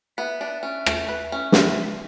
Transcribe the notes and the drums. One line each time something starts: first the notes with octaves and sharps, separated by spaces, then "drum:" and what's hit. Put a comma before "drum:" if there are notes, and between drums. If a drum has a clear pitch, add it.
B3 E5
D4
C#4
A3, drum: rim click
B4
C#4
drum: snare